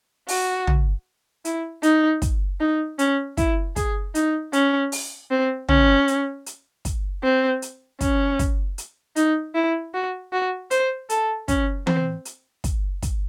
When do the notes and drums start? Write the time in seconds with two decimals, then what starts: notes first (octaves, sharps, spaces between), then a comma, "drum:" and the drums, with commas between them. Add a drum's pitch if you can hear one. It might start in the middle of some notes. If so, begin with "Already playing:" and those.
0.28 F#4, drum: open hi-hat
0.67 drum: tom
1.45 E4, drum: hi-hat
1.83 D#4, drum: hi-hat
2.22 drum: kick, hi-hat
2.60 D#4
2.99 C#4, drum: hi-hat
3.37 E4, drum: kick, hi-hat
3.76 G#4, drum: kick, hi-hat
4.15 D#4, drum: hi-hat
4.53 C#4, drum: hi-hat
4.92 drum: open hi-hat
5.31 C4
5.69 C#4, drum: tom
6.08 drum: hi-hat
6.46 drum: hi-hat
6.85 drum: kick, hi-hat
7.24 C4
7.62 drum: hi-hat
8.01 C#4, drum: kick, hi-hat
8.39 drum: kick, hi-hat
8.78 drum: hi-hat
9.16 D#4, drum: hi-hat
9.55 E4
9.94 F#4
10.33 F#4
10.71 C5, drum: hi-hat
11.10 A4, drum: hi-hat
11.48 C#4, drum: kick, hi-hat
11.87 C4, drum: tom E3
12.25 drum: hi-hat
12.64 drum: kick, hi-hat
13.02 drum: kick, hi-hat